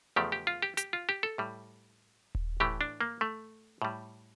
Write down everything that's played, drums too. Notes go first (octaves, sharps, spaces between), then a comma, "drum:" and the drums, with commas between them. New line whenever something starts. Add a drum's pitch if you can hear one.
E2 C#3 F3 A3 G4
G4
F4
G4
G4, drum: hi-hat
F4
G4
A4
A2 G3
drum: kick D#1
A2 E3 A3 G4
D4
A#3
A3
A2 G3